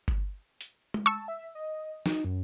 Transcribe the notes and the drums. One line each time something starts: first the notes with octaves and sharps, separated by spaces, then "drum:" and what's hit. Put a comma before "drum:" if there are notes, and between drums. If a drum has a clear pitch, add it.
drum: kick G1
drum: hi-hat
drum: tom G#3
A5 C#6 E6
E5
D#5
D#4, drum: snare
F#2